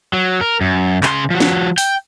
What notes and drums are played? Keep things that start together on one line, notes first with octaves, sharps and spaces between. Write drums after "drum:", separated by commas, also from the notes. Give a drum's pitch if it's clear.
F#3
A#4
F#2
C#3 C6, drum: clap
F3 F#4
drum: snare
G5, drum: open hi-hat